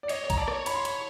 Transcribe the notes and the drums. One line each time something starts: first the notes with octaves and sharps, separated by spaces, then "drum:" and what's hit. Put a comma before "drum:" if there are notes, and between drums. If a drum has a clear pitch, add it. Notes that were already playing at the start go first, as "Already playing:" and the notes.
D5
C#5 D#5, drum: cymbal
C#5
A#5, drum: kick, cymbal
D5 A5
D5, drum: rim click
C#5
C#5 B5, drum: cymbal
C6
B5, drum: cymbal